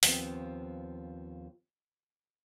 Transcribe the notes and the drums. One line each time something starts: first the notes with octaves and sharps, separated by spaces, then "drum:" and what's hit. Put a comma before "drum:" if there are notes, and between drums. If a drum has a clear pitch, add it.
D#2 F3 B3 C4, drum: open hi-hat